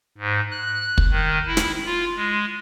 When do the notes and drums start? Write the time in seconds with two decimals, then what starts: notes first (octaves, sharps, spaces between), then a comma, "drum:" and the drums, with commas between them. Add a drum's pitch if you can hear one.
0.18 G#2
0.51 F#6
0.98 drum: kick
1.11 D#3
1.47 E4
1.57 drum: snare
1.85 F4
2.16 G#3